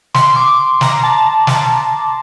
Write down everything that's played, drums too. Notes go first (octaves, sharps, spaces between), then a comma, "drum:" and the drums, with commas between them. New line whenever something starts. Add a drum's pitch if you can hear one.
C6, drum: snare
D6
A#5, drum: snare
A5
A5, drum: snare